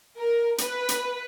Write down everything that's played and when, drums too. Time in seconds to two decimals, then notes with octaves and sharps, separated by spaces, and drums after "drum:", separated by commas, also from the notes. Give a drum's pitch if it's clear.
0.17 A#4
0.58 B4, drum: hi-hat
0.89 drum: hi-hat